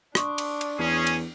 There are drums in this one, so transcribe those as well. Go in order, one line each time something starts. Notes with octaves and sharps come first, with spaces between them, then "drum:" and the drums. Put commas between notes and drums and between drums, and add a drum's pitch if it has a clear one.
D4 C6 C#6 D#6, drum: rim click
drum: cymbal
drum: cymbal
E2 C#4 G#4
drum: cymbal